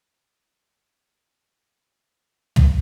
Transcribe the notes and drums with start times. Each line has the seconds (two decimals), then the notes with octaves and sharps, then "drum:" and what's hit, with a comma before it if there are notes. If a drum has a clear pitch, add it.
0.86 C5 B5
2.56 drum: tom